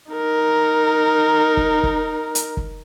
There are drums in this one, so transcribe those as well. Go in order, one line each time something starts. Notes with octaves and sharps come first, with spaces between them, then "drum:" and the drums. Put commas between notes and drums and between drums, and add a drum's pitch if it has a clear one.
D#4 A#4
drum: kick
drum: kick
drum: hi-hat
drum: kick